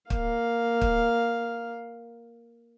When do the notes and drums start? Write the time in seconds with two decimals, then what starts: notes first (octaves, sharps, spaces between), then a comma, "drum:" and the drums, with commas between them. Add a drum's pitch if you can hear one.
0.10 A#3 F5, drum: kick
0.81 drum: kick